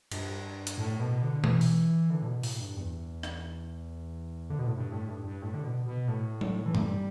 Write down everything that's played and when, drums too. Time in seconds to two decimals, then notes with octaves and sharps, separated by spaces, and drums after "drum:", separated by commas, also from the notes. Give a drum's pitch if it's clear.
0.12 G2, drum: cymbal
0.67 drum: hi-hat
0.78 A2
1.00 B2
1.22 D3
1.44 E3, drum: tom B2
1.61 drum: open hi-hat
2.10 D3
2.22 A2
2.27 B2
2.43 A2, drum: open hi-hat
2.60 G2
2.77 E2
3.23 drum: rim click
4.50 D3
4.59 B2
4.67 A2
4.75 G2
4.92 A2
5.09 G2
5.25 G2
5.42 A2
5.54 D3
5.64 B2
5.86 B2
6.08 A2
6.41 drum: tom F#3
6.66 E3
6.75 G3, drum: tom G2